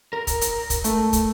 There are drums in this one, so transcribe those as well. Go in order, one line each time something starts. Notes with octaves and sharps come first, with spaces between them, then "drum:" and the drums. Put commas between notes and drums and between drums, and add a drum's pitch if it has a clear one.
A#4
drum: kick, hi-hat
drum: hi-hat
drum: kick, hi-hat
A3, drum: hi-hat
drum: kick, hi-hat